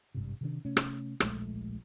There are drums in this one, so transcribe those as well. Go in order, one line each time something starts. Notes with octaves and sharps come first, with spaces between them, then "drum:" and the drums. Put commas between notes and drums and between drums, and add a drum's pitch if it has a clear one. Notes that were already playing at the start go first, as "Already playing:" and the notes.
G#1 G2 C3
C3 D#3 D4
C3 A3 C#4
drum: rim click
D1 A#1 G#3 A3, drum: rim click